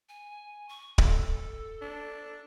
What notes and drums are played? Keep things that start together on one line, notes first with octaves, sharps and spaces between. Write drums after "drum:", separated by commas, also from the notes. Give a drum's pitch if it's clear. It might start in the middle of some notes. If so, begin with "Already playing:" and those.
G#5
C#6
A4, drum: kick D1
D4